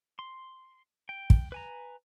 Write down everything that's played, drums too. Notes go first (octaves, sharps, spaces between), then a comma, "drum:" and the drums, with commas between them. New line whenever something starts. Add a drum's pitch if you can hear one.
C6
G5
drum: kick
B4 G#5 A#5